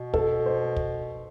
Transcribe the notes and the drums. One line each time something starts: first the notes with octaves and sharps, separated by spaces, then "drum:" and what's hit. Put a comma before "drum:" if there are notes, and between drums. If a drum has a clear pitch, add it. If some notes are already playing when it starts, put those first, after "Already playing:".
Already playing: B2
A4, drum: kick
C5
drum: kick